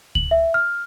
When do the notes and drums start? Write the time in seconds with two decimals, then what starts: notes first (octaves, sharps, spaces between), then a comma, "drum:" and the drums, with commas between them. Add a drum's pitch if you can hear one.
0.15 F#7, drum: kick C#2
0.31 E5
0.54 F6